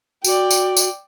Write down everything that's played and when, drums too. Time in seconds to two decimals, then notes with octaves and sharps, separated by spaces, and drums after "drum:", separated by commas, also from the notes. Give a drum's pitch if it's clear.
0.24 F#4 D5 G5, drum: tambourine
0.51 drum: tambourine
0.77 drum: tambourine